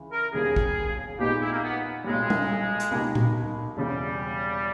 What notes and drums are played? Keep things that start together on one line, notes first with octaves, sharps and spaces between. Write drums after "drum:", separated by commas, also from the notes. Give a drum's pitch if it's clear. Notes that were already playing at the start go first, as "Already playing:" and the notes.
Already playing: C#2 E3
A#4
E1 D#2 C#3 G3 G#4
drum: kick
A#2 G#3 B3 D#4 G4
E4
A#3
B3
B1 A#2 G3 G#3
drum: tom G3
drum: hi-hat
C#2 B2 A#3 D#4 G4
drum: tom A#2
E1 E2 C#3 G3 G#3